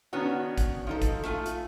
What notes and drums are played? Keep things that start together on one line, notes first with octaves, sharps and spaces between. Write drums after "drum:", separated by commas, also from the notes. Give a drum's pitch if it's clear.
D#3 B3 C#4 D4 F#4
drum: kick, hi-hat
F3 D#4 A4
drum: kick, hi-hat
A3 F4 G#5, drum: rim click
drum: hi-hat